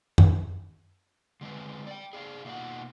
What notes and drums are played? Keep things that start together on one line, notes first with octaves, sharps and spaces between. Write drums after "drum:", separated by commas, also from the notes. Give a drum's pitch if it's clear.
drum: tom
D3 G#3 C4 B4
D5 G5
G#4 D5 F5
B2 A#3 D#4 F4 F#5